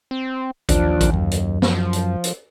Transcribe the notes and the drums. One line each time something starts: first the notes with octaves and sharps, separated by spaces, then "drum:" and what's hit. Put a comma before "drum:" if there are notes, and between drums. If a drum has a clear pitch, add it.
C4
D#2 F3 D4, drum: kick A1, hi-hat
drum: kick A1, hi-hat
F#2
drum: hi-hat
F3, drum: snare
drum: hi-hat
drum: hi-hat